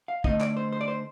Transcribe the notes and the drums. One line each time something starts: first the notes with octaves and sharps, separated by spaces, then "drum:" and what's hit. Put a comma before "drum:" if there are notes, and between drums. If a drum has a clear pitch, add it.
F5
D3 A3 C4 D#4 D#5, drum: kick
D5, drum: clap
C5
C5
D5
C5